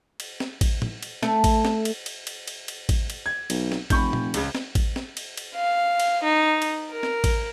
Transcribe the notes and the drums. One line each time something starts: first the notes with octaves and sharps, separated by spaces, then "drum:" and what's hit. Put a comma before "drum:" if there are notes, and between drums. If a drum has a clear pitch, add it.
drum: cymbal
drum: snare
drum: kick A1, cymbal
drum: tom
drum: cymbal
A3, drum: snare
drum: kick A1, cymbal
drum: snare
drum: cymbal
drum: cymbal
drum: cymbal
drum: cymbal
drum: cymbal
drum: kick A1, cymbal
drum: cymbal
G#6
B1, drum: cymbal
drum: snare
F1 B5 C#6 G6, drum: kick A1, cymbal
drum: tom A#2
C#2 C#3, drum: cymbal
drum: snare
drum: kick A1, cymbal
drum: snare
drum: cymbal
drum: cymbal
F5
drum: cymbal
D#4
drum: cymbal
A#4
drum: snare
drum: kick A1, cymbal